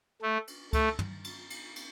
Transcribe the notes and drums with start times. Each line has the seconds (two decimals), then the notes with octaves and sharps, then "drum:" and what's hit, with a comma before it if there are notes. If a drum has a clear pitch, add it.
0.22 A3
0.47 drum: cymbal
0.73 A3, drum: kick C#2, cymbal
0.99 drum: tom
1.24 drum: cymbal
1.50 drum: cymbal
1.76 drum: cymbal